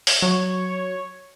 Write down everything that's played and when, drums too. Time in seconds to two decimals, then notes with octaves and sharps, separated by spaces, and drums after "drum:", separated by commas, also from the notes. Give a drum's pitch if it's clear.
0.07 drum: open hi-hat
0.22 F#3 C#5